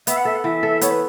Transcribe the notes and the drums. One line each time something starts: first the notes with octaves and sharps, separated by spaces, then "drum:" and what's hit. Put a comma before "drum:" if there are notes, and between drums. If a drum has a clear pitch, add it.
B3 E5, drum: hi-hat
F#5
A4 E5
F#5
E3 E5
A4
B3 C#5, drum: hi-hat
B4